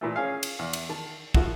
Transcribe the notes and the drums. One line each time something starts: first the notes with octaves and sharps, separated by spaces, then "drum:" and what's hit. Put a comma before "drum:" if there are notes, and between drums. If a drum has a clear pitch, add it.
A#2 E3 A3
C#4 G#4 F5
drum: cymbal
E2
drum: cymbal
D#3 A5
D#3 F3 E4 F#4, drum: kick